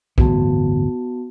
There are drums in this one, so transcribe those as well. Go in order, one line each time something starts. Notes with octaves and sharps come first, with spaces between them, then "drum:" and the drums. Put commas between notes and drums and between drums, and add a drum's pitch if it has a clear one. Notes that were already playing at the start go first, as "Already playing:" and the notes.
D1 G1 E3 B3 F#4 A5, drum: kick